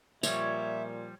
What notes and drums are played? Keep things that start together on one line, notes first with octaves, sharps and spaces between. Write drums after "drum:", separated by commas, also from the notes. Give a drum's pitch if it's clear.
A#2 F3 G3 C#5 E5, drum: tambourine